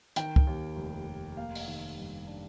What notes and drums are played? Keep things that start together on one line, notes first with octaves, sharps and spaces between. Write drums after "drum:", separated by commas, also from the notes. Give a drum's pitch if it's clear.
D#3 G5, drum: hi-hat
drum: kick
D#2
F1
F1
A#3 F5
drum: open hi-hat
D#3
G2
D4